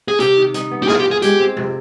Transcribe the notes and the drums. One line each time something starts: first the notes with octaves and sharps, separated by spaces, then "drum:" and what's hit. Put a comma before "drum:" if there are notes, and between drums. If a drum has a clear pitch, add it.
G#4
C3 G4, drum: hi-hat
D#3
D#4, drum: hi-hat
B3
G4
F4 G#4, drum: snare
G4
F4
G#4
G#3 G4, drum: hi-hat
C4
C3, drum: tom G#3